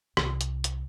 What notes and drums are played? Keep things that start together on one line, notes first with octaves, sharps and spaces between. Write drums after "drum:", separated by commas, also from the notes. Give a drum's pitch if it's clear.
C2, drum: rim click
drum: hi-hat
drum: hi-hat